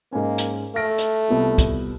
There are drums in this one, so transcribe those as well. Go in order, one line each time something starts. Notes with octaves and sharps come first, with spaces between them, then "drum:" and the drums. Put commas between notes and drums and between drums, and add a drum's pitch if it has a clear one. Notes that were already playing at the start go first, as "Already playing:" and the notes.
G#2 A#3 C#4
drum: hi-hat
A3 F6 A#6 D7
drum: hi-hat
C2 B3 F4
drum: kick, hi-hat